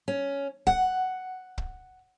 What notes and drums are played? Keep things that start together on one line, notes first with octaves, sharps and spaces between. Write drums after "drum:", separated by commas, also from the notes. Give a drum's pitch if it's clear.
C#4
F#5, drum: kick
drum: kick